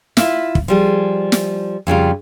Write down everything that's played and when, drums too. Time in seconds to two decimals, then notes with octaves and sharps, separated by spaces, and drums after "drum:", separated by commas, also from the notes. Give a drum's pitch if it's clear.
0.17 E4 F4 E5, drum: snare
0.55 drum: kick
0.68 F3 G3 G#4
1.32 drum: snare
1.87 F2 C#3 G3 F4